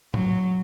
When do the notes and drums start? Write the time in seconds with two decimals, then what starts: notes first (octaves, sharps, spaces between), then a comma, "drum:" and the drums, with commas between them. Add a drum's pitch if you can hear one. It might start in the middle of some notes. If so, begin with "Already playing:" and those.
0.14 F#3, drum: tom G#2